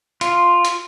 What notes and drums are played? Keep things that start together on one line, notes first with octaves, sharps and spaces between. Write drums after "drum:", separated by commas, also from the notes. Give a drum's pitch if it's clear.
F4, drum: hi-hat
drum: hi-hat